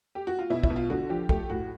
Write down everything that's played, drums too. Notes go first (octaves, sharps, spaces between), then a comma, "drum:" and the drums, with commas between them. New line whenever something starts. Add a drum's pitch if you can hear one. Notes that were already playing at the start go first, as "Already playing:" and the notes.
G4
F#4
F4
B2 E4
E4, drum: kick
B2
F4
D3 F#4
F3 G4
A3 G4, drum: kick
A2 F#4